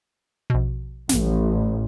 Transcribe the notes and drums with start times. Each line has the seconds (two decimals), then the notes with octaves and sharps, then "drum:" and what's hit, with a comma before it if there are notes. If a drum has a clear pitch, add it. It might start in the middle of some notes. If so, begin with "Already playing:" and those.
0.50 A#1 B2
1.09 A1, drum: snare